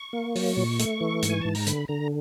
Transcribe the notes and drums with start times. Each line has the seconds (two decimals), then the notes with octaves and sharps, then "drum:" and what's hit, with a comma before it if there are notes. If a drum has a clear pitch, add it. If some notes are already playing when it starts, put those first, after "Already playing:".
Already playing: C#6
0.13 A#3
0.35 F#3, drum: open hi-hat
0.57 A#2
0.79 A3, drum: hi-hat
1.01 E3
1.23 G#2, drum: hi-hat
1.30 G#5
1.41 G#2 A5
1.55 A#5, drum: open hi-hat
1.67 D3 B5, drum: hi-hat
1.88 D3 A#5